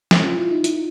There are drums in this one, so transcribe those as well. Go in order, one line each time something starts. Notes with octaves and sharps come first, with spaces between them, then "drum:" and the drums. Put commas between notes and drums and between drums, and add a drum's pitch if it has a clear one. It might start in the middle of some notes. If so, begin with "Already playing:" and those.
F4, drum: snare
F4
E4
D#4
E4, drum: hi-hat